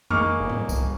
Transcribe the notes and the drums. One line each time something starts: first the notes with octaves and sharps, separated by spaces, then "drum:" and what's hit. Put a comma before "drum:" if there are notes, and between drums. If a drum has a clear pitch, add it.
A#3 D#4 G#4 C#6 D6 F6, drum: tom F2
G1
drum: tom A2
drum: kick C2, tambourine